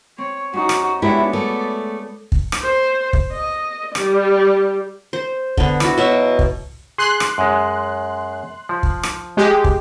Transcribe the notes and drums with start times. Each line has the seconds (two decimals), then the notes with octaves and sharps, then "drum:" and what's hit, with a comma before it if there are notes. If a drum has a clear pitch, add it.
0.18 C4 C#5
0.53 F#2 D#4 F#4
0.69 drum: rim click
1.02 G#3 B3 D4 E4 G4 C#5 D5
1.33 A3
2.32 drum: kick
2.52 drum: rim click
2.62 C5
3.13 drum: kick
3.33 D#5
3.95 G3, drum: rim click
5.13 C5
5.57 D3 B3, drum: kick
5.80 E4 F#4, drum: rim click
5.98 B2 F#3 E5
6.39 drum: kick
6.98 G#4 C6 F#6
7.20 drum: rim click
7.38 F#2 G#3
8.69 F3
8.83 drum: kick
9.03 drum: rim click
9.37 G#3 G4
9.64 drum: kick